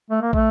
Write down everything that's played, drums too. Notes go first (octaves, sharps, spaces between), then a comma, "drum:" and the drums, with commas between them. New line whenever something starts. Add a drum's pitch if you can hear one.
A3
A#3
A3, drum: kick